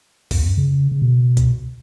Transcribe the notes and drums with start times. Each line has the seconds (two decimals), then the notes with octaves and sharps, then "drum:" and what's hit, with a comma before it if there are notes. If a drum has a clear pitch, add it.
0.31 F#2, drum: kick C2, open hi-hat
0.40 E2
0.48 F#2
0.57 C#3
0.92 C#3
1.02 B2
1.37 drum: kick C2, hi-hat